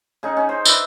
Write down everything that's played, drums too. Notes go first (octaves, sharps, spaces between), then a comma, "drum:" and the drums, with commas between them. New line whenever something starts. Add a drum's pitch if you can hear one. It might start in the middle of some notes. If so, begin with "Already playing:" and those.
C#3 D#4
C#4
C5
B4 D5 E5, drum: tambourine